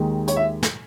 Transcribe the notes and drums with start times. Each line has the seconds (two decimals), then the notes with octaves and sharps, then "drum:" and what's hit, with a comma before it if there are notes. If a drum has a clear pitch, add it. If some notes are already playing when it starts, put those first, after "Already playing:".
Already playing: D#2 D#3 G#3
0.28 C#5, drum: hi-hat
0.36 E5
0.63 drum: snare